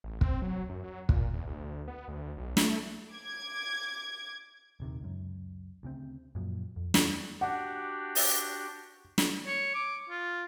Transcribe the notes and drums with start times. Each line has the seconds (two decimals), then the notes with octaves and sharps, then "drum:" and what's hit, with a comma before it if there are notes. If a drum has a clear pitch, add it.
0.04 A1
0.21 C4, drum: kick
0.42 F#3
0.69 F#2
0.84 F#3
1.09 A#2, drum: kick
1.33 E2
1.46 D2
1.88 B3
2.08 D2
2.37 B1
2.57 A3, drum: snare
3.13 D6 G#6
4.80 D#1 C3 D#3
5.00 C#2 F#2
5.83 D2 C#3 C4
6.35 F#2 A#2 F3 F#3
6.76 F2
6.94 E2 E3 C4, drum: snare
7.41 D4 F#4 G4 F#5
8.15 drum: open hi-hat
9.18 drum: snare
9.47 C#5
9.75 D6
10.10 F4